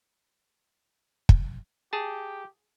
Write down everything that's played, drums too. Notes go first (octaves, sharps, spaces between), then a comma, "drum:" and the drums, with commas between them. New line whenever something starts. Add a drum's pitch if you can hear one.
drum: kick
G4 G#4 A5